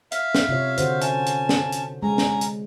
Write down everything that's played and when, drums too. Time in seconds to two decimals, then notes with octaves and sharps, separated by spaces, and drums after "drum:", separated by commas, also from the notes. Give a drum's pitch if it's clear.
0.12 E5 F5, drum: hi-hat
0.35 drum: snare
0.49 C3 F4 C#5
0.77 D3 F#4 C5, drum: hi-hat
1.01 C#4 A5, drum: hi-hat
1.26 drum: hi-hat
1.49 drum: snare
1.72 drum: hi-hat
2.02 G#3 C#4 A#5
2.18 drum: snare
2.41 drum: hi-hat